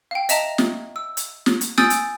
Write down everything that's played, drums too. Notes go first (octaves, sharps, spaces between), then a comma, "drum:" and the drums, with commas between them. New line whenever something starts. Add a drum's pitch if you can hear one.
F5 G5
D#5 E5 A5 A#5, drum: hi-hat
drum: snare
E6
drum: hi-hat
drum: snare
drum: hi-hat
G#5 D#6 E6 G6 A6 D7, drum: snare
drum: hi-hat